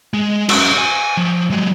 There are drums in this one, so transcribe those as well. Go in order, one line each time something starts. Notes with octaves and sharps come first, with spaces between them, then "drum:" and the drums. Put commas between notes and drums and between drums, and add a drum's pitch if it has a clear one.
G#3
C#4 F#4, drum: cymbal
G#5
F3
F#3 G#3